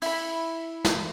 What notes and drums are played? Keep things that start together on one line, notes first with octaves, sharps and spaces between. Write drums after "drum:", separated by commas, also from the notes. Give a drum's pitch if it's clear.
E4 B5, drum: open hi-hat
drum: snare